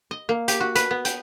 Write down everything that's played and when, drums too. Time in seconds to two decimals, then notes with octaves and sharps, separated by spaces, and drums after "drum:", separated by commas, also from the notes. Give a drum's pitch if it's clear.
0.11 D#5
0.29 A#3
0.48 G4, drum: hi-hat
0.60 F#4
0.75 B4, drum: hi-hat
0.91 B3
1.05 G5, drum: hi-hat